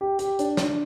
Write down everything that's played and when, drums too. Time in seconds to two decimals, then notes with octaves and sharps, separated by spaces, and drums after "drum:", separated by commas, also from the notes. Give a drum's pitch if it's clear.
0.01 G4
0.19 G4, drum: hi-hat
0.39 D4, drum: hi-hat
0.57 D4, drum: snare